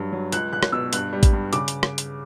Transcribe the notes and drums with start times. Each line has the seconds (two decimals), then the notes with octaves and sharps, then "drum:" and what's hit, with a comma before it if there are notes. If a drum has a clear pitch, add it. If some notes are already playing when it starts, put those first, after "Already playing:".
Already playing: G2 F#3
0.13 F#3
0.32 C#2 F#6, drum: hi-hat
0.53 C#2 F#6
0.63 drum: rim click
0.72 B2 E6
0.93 G2 F#6, drum: hi-hat
1.13 G3
1.23 drum: kick A1, hi-hat
1.33 G2
1.53 C#3 D6, drum: hi-hat
1.68 drum: hi-hat
1.83 drum: rim click
1.98 drum: hi-hat